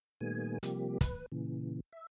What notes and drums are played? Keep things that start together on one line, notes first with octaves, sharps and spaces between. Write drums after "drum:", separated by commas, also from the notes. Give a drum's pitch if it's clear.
A#2 D#3 G3 A3 B3 G#5
C3 F3 G3 A#3 G4, drum: hi-hat
B4, drum: kick, hi-hat
A#2 C#3 E3
E5